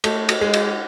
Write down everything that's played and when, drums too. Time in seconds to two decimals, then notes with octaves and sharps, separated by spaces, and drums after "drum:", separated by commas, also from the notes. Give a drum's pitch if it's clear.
0.04 A3, drum: cymbal
0.29 drum: cymbal
0.41 G#3
0.54 drum: cymbal